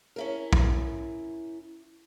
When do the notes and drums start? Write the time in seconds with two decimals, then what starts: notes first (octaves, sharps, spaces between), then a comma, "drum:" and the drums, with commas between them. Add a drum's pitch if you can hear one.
0.16 C#4 E4 A#4
0.53 drum: kick